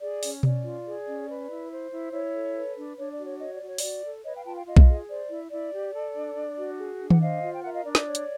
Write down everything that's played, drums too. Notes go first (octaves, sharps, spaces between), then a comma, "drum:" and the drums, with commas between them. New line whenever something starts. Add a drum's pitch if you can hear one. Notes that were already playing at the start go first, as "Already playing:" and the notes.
G#4 D5
C#4, drum: open hi-hat
C#4 D5, drum: tom B2
F4
G#4
C#4
B4
E4
C5
E4
E4 C#5
A4
B4
D4
D4 C#5
D5
F#4
C#5
C#5 D#5
D5
F#4 C#5
F#4 D5, drum: open hi-hat
A4
B4 C#5 D#5
F5 G5
F4 G5 A5
F5 G5
F4 D#5 F5
drum: kick B1
G#4
C5 D5
E4
E4 D5
G4
A4
D4
D4
F#4
G#4
D4
F#5, drum: tom D#3
C5 D#5 F5
F4
G5
A#4 E5 F#5
D#5 F5
D4 D5
D5, drum: snare
C#5
drum: hi-hat